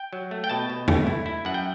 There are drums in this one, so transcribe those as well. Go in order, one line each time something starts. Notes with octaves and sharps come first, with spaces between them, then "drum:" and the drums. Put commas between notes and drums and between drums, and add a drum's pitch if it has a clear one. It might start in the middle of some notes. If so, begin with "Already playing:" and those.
Already playing: G5
F#3
A3
G5
B2 A5
B2
A3, drum: tom
E4
E4
F#2 F#5
G5